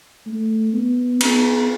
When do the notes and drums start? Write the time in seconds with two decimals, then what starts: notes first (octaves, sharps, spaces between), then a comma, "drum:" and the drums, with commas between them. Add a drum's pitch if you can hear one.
0.26 A3
0.73 B3
1.21 B3, drum: cymbal